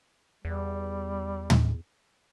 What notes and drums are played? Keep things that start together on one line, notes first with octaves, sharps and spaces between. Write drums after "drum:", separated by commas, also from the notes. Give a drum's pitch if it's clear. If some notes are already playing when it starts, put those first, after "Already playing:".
E2 G3
drum: tom